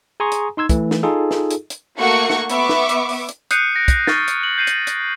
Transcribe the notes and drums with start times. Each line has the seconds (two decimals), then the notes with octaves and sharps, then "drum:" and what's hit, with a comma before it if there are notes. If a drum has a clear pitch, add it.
0.20 G#4 G#5 A#5 C6 C#6 D#6
0.32 drum: hi-hat
0.57 D#4 C6 E6 G#6
0.69 E3 A3, drum: kick, hi-hat
0.91 drum: snare
1.03 D#4 F4 G#4 A4
1.31 drum: snare
1.51 drum: hi-hat
1.70 drum: hi-hat
1.98 A3 A#3 F#4 F#5 C#6 C#7
2.30 drum: snare
2.50 B3 E5 C#6 D6, drum: hi-hat
2.69 drum: snare
2.89 drum: hi-hat
3.09 drum: open hi-hat
3.29 drum: hi-hat
3.51 D#6 F#6 G6 C7 C#7 D#7, drum: hi-hat
3.76 A#6 D7
3.88 drum: kick, hi-hat
4.07 C#6 F6 A6, drum: snare
4.28 drum: hi-hat
4.43 F#7
4.58 G6 C7 D#7 F#7
4.67 drum: hi-hat
4.87 drum: hi-hat